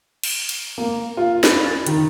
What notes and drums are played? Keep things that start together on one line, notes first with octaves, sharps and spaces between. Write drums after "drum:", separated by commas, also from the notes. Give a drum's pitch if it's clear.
drum: cymbal
drum: cymbal
A#3
F4
B5, drum: snare
A6
D#3, drum: hi-hat